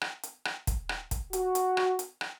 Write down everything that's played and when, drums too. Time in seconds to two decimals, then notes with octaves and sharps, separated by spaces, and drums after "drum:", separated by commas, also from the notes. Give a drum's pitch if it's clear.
0.01 drum: rim click
0.23 drum: hi-hat
0.45 drum: rim click
0.67 drum: kick, hi-hat
0.89 drum: rim click
1.11 drum: kick, hi-hat
1.33 F#4, drum: hi-hat
1.55 drum: hi-hat
1.77 drum: rim click
1.99 drum: hi-hat
2.21 drum: rim click